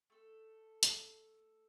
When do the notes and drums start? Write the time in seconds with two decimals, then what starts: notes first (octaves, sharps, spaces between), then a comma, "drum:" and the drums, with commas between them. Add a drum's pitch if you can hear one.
0.10 A3 A4
0.83 drum: hi-hat